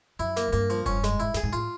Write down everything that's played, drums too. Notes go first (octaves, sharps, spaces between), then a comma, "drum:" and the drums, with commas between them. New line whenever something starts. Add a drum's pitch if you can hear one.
F#2 E4, drum: hi-hat
A#3, drum: snare
G#2
G2 A#3, drum: hi-hat
F3, drum: hi-hat
G2 C#4, drum: kick F1, hi-hat
G#3, drum: snare
G#2 E4, drum: hi-hat
G2 G#4, drum: snare
G#2
A2 F4, drum: hi-hat